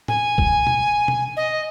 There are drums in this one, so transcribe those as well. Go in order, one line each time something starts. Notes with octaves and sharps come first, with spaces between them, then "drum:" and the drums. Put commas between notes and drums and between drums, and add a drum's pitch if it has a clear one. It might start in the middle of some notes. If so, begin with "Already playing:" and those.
G#5, drum: tom
drum: kick
drum: tom B2
drum: tom B2
D#5